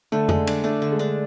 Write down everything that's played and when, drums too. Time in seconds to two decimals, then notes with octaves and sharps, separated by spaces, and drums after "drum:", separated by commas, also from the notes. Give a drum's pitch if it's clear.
0.12 D3 A3
0.29 G#3, drum: tom F2
0.47 D4, drum: cymbal
0.64 A3 D4
0.82 D3
0.91 G#3
0.99 D4